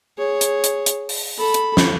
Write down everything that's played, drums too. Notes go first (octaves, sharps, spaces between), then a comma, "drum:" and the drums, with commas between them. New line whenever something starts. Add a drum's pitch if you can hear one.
G#4 C#5
drum: hi-hat
drum: hi-hat
drum: hi-hat
drum: open hi-hat
A4 B5
drum: hi-hat
drum: snare